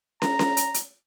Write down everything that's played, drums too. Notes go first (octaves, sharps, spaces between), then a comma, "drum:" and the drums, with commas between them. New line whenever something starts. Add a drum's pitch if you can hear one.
A#5, drum: snare
drum: snare
drum: hi-hat
drum: hi-hat